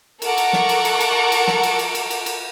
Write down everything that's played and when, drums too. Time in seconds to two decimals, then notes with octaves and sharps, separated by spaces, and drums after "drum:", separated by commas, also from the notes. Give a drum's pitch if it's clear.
0.22 A4 A#4 F#5 A#5 C#6 D6, drum: cymbal
0.37 drum: cymbal
0.53 drum: snare
0.69 drum: cymbal
0.85 drum: cymbal
1.00 drum: cymbal
1.32 drum: cymbal
1.48 drum: snare
1.63 drum: cymbal
1.79 drum: cymbal
1.95 drum: cymbal
2.10 drum: cymbal
2.26 drum: cymbal